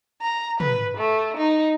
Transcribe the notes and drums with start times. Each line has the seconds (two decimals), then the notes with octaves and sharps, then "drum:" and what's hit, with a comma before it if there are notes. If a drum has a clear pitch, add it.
0.22 A#5
0.60 B4, drum: tom
0.97 A3
1.37 D#4